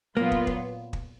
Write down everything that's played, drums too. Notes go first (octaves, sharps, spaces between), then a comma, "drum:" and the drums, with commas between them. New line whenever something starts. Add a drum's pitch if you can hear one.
A#2 F#3 A#3 B3 F4 B4
drum: kick
drum: kick
drum: kick